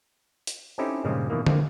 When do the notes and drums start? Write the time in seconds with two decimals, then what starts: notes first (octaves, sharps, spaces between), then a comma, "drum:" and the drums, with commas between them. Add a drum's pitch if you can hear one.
0.47 drum: hi-hat
0.78 C4 C#4 D#4 E4 G4 A4
1.04 G2 A#2 C#3 F3 G3 G#3
1.30 B2 D#3 E3 A#3
1.46 D3 G#3 A#3 C4, drum: tom